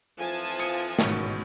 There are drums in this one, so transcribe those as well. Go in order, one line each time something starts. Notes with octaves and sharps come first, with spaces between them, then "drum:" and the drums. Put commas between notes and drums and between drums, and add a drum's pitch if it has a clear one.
F2 E3 F3 G#5 A5
D#6 C#7, drum: hi-hat
A1 G#2 B2 D#3 C#4, drum: snare